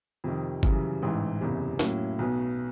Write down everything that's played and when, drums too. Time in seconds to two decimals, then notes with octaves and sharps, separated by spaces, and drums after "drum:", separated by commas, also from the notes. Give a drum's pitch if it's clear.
0.24 F2 C3 D#3
0.63 F#2 C#3 E3 G3, drum: kick G1
1.02 A1 G#2 E3
1.41 F#1 E2 C3
1.79 A2 F#3 A#3 C#4, drum: snare
2.19 B1 B2 F#3 B3